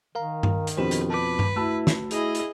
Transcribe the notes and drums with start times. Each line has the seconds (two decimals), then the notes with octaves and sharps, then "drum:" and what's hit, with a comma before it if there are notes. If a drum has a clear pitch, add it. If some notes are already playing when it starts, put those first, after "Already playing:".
0.15 D#3 A#4 F5 A#5
0.43 drum: tom G2
0.67 drum: hi-hat
0.77 F2 B2 D4 G4 B4 C5
0.91 drum: hi-hat
1.10 B4 A5 D6
1.39 drum: tom G2
1.56 A3 E4 F#4 A5 B5 E6
1.87 drum: snare
2.11 E4 G#4 D#5, drum: hi-hat
2.35 drum: hi-hat